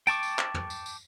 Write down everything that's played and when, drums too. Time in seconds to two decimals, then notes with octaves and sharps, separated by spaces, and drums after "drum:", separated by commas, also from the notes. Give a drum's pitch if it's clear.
0.07 G5 A5 C#6 D6, drum: tambourine
0.23 drum: tambourine
0.39 drum: clap
0.54 drum: tom
0.70 drum: tambourine
0.86 drum: tambourine